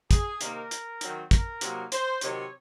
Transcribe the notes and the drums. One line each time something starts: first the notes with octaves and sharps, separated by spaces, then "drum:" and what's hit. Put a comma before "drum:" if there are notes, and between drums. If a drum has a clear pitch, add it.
G#4, drum: kick, hi-hat
C3 D#3 A#3 D#4 A#4, drum: hi-hat
drum: hi-hat
D#3 F#3 C4, drum: hi-hat
A#4, drum: kick, hi-hat
C3 F#3 A#3 D#4, drum: hi-hat
C5, drum: hi-hat
C3 D#3 F#3 C#5, drum: hi-hat